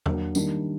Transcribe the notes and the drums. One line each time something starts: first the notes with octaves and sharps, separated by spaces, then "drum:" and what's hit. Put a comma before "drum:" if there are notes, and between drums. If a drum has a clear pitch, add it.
F#3 A#3 D4, drum: tom E2
D#3 G3 A#3 D4, drum: tambourine